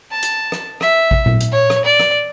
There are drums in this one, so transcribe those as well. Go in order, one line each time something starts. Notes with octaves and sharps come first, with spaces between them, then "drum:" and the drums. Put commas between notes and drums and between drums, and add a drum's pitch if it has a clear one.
A5
drum: hi-hat
drum: rim click
E5, drum: rim click
drum: kick A1
drum: tom A#2
drum: hi-hat
C#5
drum: rim click
D5
drum: rim click